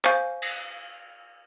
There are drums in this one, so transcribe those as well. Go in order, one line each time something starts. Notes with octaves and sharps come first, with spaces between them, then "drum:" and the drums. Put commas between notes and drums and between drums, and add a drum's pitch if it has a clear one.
C5 F5 G#5 C#6 G6, drum: clap
drum: cymbal